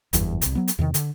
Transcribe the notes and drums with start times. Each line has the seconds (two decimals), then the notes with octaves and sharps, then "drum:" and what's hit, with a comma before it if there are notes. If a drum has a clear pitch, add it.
0.13 F#1 E2 G2, drum: hi-hat
0.42 C2 C3, drum: hi-hat
0.55 F#3 B3
0.68 drum: hi-hat
0.79 E2 C3 D#3
0.94 D3, drum: hi-hat